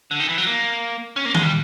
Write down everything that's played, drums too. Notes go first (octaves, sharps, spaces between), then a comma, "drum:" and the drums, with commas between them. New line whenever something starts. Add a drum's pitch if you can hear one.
D3
D#3
E3
F#3
A#3
C#4
A#3
G#3, drum: tom D#3
G3